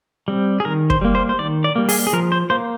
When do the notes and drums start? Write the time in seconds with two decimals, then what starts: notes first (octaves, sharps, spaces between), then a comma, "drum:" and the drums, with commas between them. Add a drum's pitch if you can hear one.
0.28 G3 C4
0.60 G#4
0.65 D#3 A#4
0.90 C5, drum: kick
1.01 G3 A#3
1.15 C5
1.29 C5
1.39 D#3 D5
1.64 D5
1.76 G3 A#3
1.89 G#4, drum: open hi-hat
2.07 G#4
2.13 F3 A#4
2.32 C5
2.50 A#3 C5